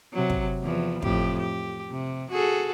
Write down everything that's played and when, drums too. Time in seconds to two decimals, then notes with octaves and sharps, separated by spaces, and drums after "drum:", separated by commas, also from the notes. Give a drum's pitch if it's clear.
0.14 C3 F#3
0.30 drum: kick
0.62 E2 E3 F3
1.02 F2 A2 G4, drum: kick
1.39 G4
1.91 C3
2.31 F#4 G#4 A4